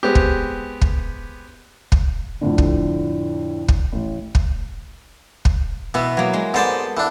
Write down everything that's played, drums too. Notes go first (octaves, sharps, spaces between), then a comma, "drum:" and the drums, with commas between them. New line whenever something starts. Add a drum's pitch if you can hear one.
G#3 B3 C4 G4
drum: kick
drum: kick
drum: kick
F2 A2 D3
drum: kick
drum: kick
A1
drum: kick
drum: kick
B2 E3 B3
F#3 A#3
G#3 C6
G#2 B3 A4 C5 D5 A5
E3 D4